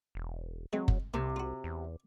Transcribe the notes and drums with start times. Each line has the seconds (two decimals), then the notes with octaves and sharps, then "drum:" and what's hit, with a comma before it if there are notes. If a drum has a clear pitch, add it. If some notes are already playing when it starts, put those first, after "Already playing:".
0.15 E1
0.73 F#3 G#3 C4
0.88 drum: kick F#1
1.14 C2 C3 A#3
1.36 F4 F#4
1.64 E2